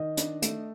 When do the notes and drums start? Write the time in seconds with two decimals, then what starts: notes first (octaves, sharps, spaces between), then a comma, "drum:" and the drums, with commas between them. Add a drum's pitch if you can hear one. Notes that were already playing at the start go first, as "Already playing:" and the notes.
Already playing: D#3 D#5
0.17 D4, drum: hi-hat
0.42 A3, drum: hi-hat